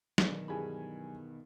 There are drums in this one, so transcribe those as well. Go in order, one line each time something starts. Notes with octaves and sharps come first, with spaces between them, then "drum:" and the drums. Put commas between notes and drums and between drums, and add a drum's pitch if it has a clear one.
E2 B2 D#3 F#3 D4, drum: snare
G2 E3 G4 G#4 G#5 B5